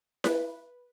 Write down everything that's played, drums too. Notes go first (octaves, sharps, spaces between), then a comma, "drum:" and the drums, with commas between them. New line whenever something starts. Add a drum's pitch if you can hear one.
B4, drum: snare E4